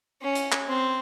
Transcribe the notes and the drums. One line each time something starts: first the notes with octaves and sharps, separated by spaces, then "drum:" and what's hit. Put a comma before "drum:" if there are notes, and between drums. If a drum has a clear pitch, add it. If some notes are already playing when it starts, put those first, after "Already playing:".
C#4
drum: hi-hat
drum: clap
C4